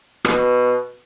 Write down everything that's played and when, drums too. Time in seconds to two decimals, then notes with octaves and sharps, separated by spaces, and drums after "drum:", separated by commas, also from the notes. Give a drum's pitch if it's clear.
0.25 B2, drum: rim click